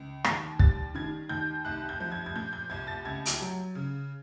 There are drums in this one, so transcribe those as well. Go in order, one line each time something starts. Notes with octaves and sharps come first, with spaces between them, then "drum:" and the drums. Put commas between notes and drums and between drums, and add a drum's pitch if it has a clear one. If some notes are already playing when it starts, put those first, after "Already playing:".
Already playing: C#2
D#2 G#6, drum: rim click
G3 A6, drum: kick
D#3 G#6
D#2 G6
C2 F#6
G6
F3
G#6
G#6
A#2 G6
G6
C2 G#6
A6
C#2 G#6
drum: hi-hat
F#3
C#3